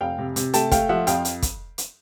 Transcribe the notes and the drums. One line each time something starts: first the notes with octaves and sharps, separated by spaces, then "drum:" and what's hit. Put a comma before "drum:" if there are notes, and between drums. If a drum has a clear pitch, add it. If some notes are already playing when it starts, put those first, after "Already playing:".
F1 F5 G5
C3
C3, drum: hi-hat
A3 G5 A5, drum: hi-hat
A3 F5 G5, drum: kick, hi-hat
F3 E5 F#5
F2 F5 G5, drum: hi-hat
drum: hi-hat
drum: kick, hi-hat
drum: hi-hat